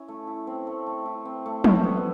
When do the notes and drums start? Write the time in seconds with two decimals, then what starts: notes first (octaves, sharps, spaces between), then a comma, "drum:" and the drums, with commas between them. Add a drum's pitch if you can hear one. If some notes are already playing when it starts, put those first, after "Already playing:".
Already playing: C#4 E4
0.08 A3
0.27 E4
0.47 C4
0.67 A3
0.87 A3
1.06 E4
1.25 C4
1.46 A3
1.64 A3, drum: tom
1.84 B3